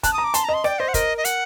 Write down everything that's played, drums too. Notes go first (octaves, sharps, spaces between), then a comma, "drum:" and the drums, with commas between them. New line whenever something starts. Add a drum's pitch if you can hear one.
A5 F#6, drum: kick, hi-hat
D#6
A#5
D6
A5 C6, drum: hi-hat
A#5
D#5
C6
D5 G5, drum: rim click
C5 D#5
F#5
A#4 D#5, drum: kick, hi-hat
D#5
F#5, drum: hi-hat